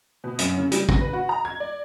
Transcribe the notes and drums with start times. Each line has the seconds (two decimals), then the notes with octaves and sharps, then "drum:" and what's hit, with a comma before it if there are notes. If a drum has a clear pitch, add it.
0.24 B2
0.39 F#2, drum: hi-hat
0.58 C#3
0.72 G3, drum: hi-hat
0.89 A#6, drum: kick
1.01 B4
1.13 F#4
1.29 A#5
1.45 G#6
1.60 D5